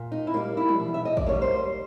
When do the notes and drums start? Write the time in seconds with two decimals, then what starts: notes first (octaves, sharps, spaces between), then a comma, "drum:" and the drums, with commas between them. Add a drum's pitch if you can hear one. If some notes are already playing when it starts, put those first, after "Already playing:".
Already playing: A#2
0.12 D#4
0.27 E4
0.34 G3 A#3 D#4
0.57 E4
0.69 drum: tom
0.80 B2
0.94 E5
1.05 D#5
1.17 D5, drum: kick
1.27 G3 A#3 C#5
1.42 C5